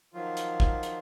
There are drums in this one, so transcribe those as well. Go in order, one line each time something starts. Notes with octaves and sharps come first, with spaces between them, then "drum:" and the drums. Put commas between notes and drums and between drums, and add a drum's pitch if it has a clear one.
D#3 F3 F#3 F4
drum: hi-hat
drum: kick
drum: hi-hat